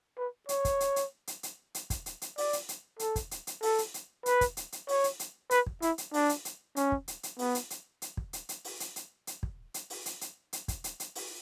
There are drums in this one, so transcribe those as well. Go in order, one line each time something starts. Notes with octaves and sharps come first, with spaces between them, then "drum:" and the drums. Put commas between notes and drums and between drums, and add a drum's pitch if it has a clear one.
B4
C#5, drum: hi-hat
drum: kick, hi-hat
drum: hi-hat
drum: hi-hat
drum: hi-hat
drum: hi-hat
drum: hi-hat
drum: kick, hi-hat
drum: hi-hat
drum: hi-hat
D5, drum: open hi-hat
drum: hi-hat
drum: hi-hat
A4, drum: hi-hat
drum: kick, hi-hat
drum: hi-hat
drum: hi-hat
A4, drum: open hi-hat
drum: hi-hat
drum: hi-hat
B4, drum: hi-hat
drum: kick, hi-hat
drum: hi-hat
drum: hi-hat
C#5, drum: open hi-hat
drum: hi-hat
drum: hi-hat
B4, drum: hi-hat
drum: kick
E4, drum: hi-hat
drum: hi-hat
D4, drum: open hi-hat
drum: hi-hat
drum: hi-hat
C#4, drum: hi-hat
drum: kick
drum: hi-hat
drum: hi-hat
B3, drum: open hi-hat
drum: hi-hat
drum: hi-hat
drum: hi-hat
drum: kick
drum: hi-hat
drum: hi-hat
drum: open hi-hat
drum: hi-hat
drum: hi-hat
drum: hi-hat
drum: kick
drum: hi-hat
drum: open hi-hat
drum: hi-hat
drum: hi-hat
drum: hi-hat
drum: kick, hi-hat
drum: hi-hat
drum: hi-hat
drum: open hi-hat